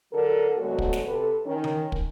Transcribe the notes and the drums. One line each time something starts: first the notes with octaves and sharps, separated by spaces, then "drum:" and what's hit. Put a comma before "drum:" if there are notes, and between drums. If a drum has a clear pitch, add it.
D3 F#3 A4 A#4
D2 F#3 G#3 A3 B3 F#4
drum: kick
drum: snare
C3 A4 B4
D#3 C#4
drum: tom D#3
drum: kick